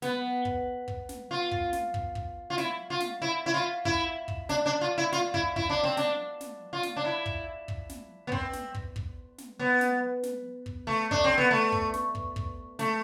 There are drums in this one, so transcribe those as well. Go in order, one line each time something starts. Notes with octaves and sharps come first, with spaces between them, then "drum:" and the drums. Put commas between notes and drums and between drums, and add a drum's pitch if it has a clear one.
B3, drum: snare
drum: kick
drum: kick
drum: snare
F4
drum: kick
drum: snare
drum: kick
drum: kick
F4
E4, drum: snare
F4
drum: snare
E4
E4
F4
E4, drum: kick
drum: kick
D4, drum: snare
D4
F4
E4
F4, drum: snare
E4, drum: kick
E4, drum: kick
D4
C4
D4, drum: snare
drum: snare
F4
drum: snare
D4
E4
drum: kick
drum: kick
drum: snare
B3
C4, drum: kick
drum: snare
drum: kick
drum: kick
drum: snare
B3
drum: snare
drum: snare
drum: kick
A3
D4, drum: kick
C4
B3
A3
drum: kick
drum: snare
drum: kick
drum: kick
A3, drum: snare